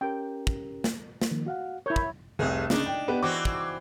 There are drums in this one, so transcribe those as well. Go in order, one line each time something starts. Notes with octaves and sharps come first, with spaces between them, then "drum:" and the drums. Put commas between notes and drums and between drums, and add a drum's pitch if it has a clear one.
C#4 G4 A#4 G5
drum: kick
drum: snare
drum: snare
D#3 F3 A#3
F#4 F5 F#5
E4 A#4 C#5 G6
drum: kick
F1 C2 G#4
C#3 D4 D#4, drum: snare
G5
B3 G4 B4
E3 C4 F#4 D6
drum: kick